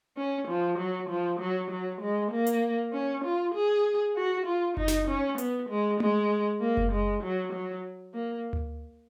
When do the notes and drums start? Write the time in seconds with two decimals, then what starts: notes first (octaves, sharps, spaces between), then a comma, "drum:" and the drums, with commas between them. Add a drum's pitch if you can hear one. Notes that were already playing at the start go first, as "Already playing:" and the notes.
0.17 C#4
0.48 F3
0.78 F#3
1.09 F3
1.39 F#3
1.71 F#3
2.01 G#3
2.31 A#3
2.47 drum: hi-hat
2.93 C#4
3.24 F4
3.54 G#4
4.16 F#4
4.46 F4
4.77 D#4, drum: kick F#1
4.88 drum: snare
5.08 C#4
5.38 B3, drum: hi-hat
5.69 G#3
6.00 G#3, drum: tom A3
6.61 A#3
6.77 drum: kick F#1
6.92 G#3
7.23 F#3
7.53 F#3
8.14 A#3
8.53 drum: tom D2